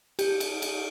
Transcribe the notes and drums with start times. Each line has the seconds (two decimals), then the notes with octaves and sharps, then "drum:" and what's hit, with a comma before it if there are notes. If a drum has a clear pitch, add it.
0.19 G4, drum: cymbal
0.40 drum: cymbal
0.62 drum: cymbal